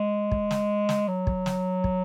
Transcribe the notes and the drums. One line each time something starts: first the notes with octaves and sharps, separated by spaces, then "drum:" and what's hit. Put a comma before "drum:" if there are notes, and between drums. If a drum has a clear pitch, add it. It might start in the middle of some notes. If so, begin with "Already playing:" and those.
Already playing: G#3
drum: kick
drum: snare
drum: snare
F#3
drum: kick
drum: snare
drum: kick